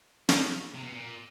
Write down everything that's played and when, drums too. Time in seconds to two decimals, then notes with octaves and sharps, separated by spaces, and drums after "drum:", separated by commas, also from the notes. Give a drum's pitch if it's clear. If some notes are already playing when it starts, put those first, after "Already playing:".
0.29 C#3, drum: snare
0.74 C3
0.83 B2
0.93 A#2